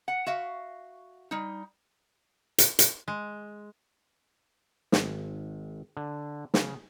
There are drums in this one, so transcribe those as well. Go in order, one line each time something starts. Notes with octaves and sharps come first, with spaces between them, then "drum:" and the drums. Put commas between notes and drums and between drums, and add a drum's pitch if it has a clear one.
F#5
F#4 E5 F5
G3 D#4
drum: hi-hat
drum: hi-hat
G#3
G#1, drum: snare
D3
C#3, drum: snare